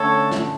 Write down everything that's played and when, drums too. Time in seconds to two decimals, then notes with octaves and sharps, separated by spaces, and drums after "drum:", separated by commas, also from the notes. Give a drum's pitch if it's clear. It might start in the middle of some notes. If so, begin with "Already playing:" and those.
Already playing: D3 A3 C#4 A4 C#5
0.32 drum: snare